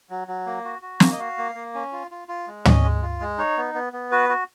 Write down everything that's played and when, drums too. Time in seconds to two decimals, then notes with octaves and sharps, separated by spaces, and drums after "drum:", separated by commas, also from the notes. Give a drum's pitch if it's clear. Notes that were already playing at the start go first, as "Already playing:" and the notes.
0.10 F#3
0.28 F#3
0.46 A#3
0.65 F#4
0.82 F#4
1.00 A#3, drum: snare
1.12 D#5
1.19 F#4 F5
1.38 A#3
1.55 A#3
1.74 C#4
1.92 F4
2.11 F4
2.28 F4
2.48 G#3
2.65 C#4 D#5, drum: tom
2.84 G#3
3.02 F4
3.21 G#3
3.38 D#4 C#5
3.57 B3
3.75 B3
3.93 B3
4.11 F#4 B4
4.29 F#4